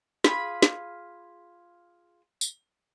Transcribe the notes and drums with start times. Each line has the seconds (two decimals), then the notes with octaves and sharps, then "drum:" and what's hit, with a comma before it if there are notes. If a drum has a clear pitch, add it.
0.24 F4 G#4 B5, drum: snare
0.62 drum: snare
2.41 drum: tambourine